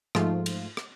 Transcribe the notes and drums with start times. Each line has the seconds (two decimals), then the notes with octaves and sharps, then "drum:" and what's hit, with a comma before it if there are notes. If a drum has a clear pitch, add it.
0.15 G#2 F3 A3 F4, drum: rim click
0.46 drum: cymbal
0.77 drum: rim click